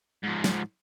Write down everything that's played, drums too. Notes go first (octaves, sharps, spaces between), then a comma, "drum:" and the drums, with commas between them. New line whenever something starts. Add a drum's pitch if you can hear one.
G#2 F3
drum: snare